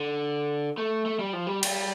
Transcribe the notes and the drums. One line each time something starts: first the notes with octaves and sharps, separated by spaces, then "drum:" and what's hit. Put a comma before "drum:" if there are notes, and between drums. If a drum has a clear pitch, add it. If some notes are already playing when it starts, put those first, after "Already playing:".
Already playing: D3
A3
A3
G3
F3
G3
G3, drum: cymbal